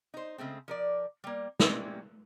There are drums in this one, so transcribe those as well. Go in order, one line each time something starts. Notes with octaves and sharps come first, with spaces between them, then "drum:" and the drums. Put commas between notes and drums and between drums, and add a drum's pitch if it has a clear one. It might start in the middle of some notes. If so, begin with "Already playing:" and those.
D#4 C5
C#3 G#3 A3 C4
F3 A#4 D5
G3 A#3
G3 G#3 A#3 C4 C#4 E4, drum: snare